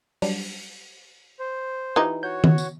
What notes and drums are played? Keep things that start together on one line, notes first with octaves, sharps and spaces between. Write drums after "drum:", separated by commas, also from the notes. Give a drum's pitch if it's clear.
F#3 G3 D4, drum: open hi-hat
C5
E3 D#4 F4 G4 D#5
F#4 C#5 G6
drum: tom D#3
drum: tambourine